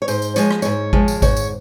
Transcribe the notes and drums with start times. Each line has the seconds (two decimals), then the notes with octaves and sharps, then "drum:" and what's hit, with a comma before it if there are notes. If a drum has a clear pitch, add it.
0.02 C#5
0.08 G#2 C5, drum: tambourine
0.22 drum: tambourine
0.36 F3 G#3 C#5, drum: tambourine
0.51 drum: rim click
0.62 G#2 C#5, drum: tambourine
0.93 F3 G#3, drum: kick G#1
1.08 drum: tambourine
1.22 G#2 C#5, drum: kick G#1, tambourine
1.37 drum: tambourine